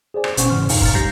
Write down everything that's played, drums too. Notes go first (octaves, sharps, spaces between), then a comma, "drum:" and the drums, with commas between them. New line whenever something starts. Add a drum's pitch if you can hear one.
G#4 C5 D5 G#5
drum: rim click
G1 B2 C#4 C5 F#5 C#6, drum: hi-hat
G#2 C#3 E3 C6 F6
E2 G2 A#2 D#4 F5, drum: open hi-hat
A#5 F6 A6, drum: kick
C2 G3 G4 G6 A#6 C7